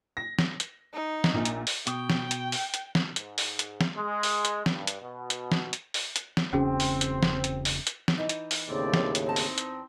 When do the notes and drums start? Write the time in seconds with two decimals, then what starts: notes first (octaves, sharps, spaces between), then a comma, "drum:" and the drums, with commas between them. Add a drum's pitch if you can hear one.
0.17 A#6
0.39 drum: snare
0.60 drum: hi-hat
0.94 D#4
1.24 drum: snare
1.34 A#1 A#2
1.45 drum: hi-hat
1.67 drum: open hi-hat
1.87 B2 G5, drum: hi-hat
2.10 drum: snare
2.31 drum: hi-hat
2.52 drum: open hi-hat
2.74 drum: hi-hat
2.95 drum: snare
3.16 G#2, drum: hi-hat
3.38 drum: open hi-hat
3.59 drum: hi-hat
3.81 drum: snare
3.97 G#3
4.23 drum: open hi-hat
4.45 drum: hi-hat
4.66 G2, drum: snare
4.87 drum: hi-hat
5.02 B2
5.30 drum: hi-hat
5.52 drum: snare
5.73 drum: hi-hat
5.94 drum: open hi-hat
6.16 drum: hi-hat
6.37 drum: snare
6.53 E1 C#3 C4 C#4 F#4 G#4
6.80 drum: open hi-hat
7.01 drum: hi-hat
7.23 drum: snare
7.44 drum: hi-hat
7.65 drum: open hi-hat
7.87 drum: hi-hat
8.08 drum: snare
8.18 E3 D#4
8.29 drum: hi-hat
8.51 drum: open hi-hat
8.69 D#2 A2 C#3 C4 D5
8.94 drum: snare
9.15 drum: hi-hat
9.26 E2 C4 D#4 A5
9.36 drum: open hi-hat
9.58 drum: hi-hat